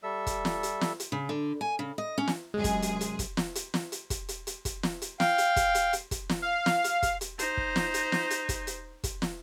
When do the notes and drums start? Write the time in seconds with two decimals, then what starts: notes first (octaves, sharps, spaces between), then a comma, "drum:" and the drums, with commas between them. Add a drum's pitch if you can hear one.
0.03 G3 A4 E5 E6
0.27 drum: kick, hi-hat
0.45 drum: snare
0.63 drum: hi-hat
0.81 drum: snare
1.00 drum: hi-hat
1.12 C#3
1.29 D3
1.61 G#5
1.79 C#3
1.98 D#5
2.18 C#4
2.28 drum: snare
2.54 F#2 C3 G#3 G#4
2.64 drum: kick, hi-hat
2.82 drum: hi-hat
3.01 drum: hi-hat
3.19 drum: kick, hi-hat
3.37 drum: snare
3.55 drum: hi-hat
3.74 drum: snare
3.92 drum: hi-hat
4.10 drum: kick, hi-hat
4.28 drum: hi-hat
4.47 drum: hi-hat
4.65 drum: kick, hi-hat
4.83 drum: snare
5.02 drum: hi-hat
5.20 F5 G5, drum: snare
5.38 drum: hi-hat
5.56 drum: kick, hi-hat
5.75 drum: hi-hat
5.93 drum: hi-hat
6.11 drum: kick, hi-hat
6.29 drum: snare
6.42 F5
6.66 drum: snare
6.84 drum: hi-hat
7.03 drum: kick, hi-hat
7.21 drum: hi-hat
7.39 D#4 C5, drum: hi-hat
7.57 drum: kick
7.76 drum: snare
7.94 drum: hi-hat
8.12 drum: snare
8.30 drum: hi-hat
8.49 drum: kick, hi-hat
8.67 drum: hi-hat
9.04 drum: kick, hi-hat
9.22 drum: snare